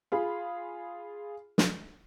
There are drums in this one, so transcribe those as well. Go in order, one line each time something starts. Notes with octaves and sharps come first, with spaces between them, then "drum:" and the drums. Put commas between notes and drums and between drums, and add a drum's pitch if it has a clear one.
F4 G#4 B5
drum: snare